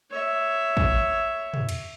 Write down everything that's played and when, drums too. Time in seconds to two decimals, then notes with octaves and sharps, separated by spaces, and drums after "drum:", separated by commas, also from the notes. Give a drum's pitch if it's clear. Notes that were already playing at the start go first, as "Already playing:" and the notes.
0.10 C#5 E5
0.77 drum: kick
1.54 drum: tom
1.69 drum: cymbal